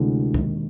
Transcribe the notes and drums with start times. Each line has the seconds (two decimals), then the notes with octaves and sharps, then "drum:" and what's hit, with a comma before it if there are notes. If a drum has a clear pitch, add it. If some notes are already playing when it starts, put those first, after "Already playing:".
Already playing: D2 C3 E3 G#3
0.34 E1 D#2 D#3, drum: kick